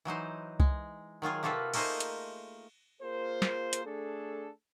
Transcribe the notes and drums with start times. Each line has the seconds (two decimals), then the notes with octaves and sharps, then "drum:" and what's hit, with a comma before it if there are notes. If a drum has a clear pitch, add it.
0.05 E3 F#3 D#4 C5
0.60 G#3, drum: kick C2
1.22 D#3 F#3 F4 G#4
1.43 C3 A#3 F4 F#4 A4 B4
1.74 A3 A#3 D#4 G#4 C5 D#5, drum: cymbal
2.00 drum: hi-hat
3.01 A#3 F4 G#4 A#4 C5
3.42 drum: snare
3.73 drum: hi-hat
3.85 A3 D4 G#4 A4